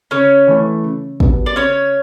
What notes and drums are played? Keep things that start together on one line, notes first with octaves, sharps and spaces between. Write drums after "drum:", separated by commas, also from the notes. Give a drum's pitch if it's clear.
C#3 C#4 C#5
E3 A3 E4
C#3
G3 B3 D4 F#4, drum: kick
D5
C#3 C#4 C#5